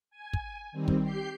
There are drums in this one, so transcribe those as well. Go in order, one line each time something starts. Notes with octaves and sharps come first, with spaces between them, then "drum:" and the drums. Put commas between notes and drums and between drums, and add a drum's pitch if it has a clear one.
G#5
drum: kick
D#3 G3 C4
drum: kick
G4 G6 C7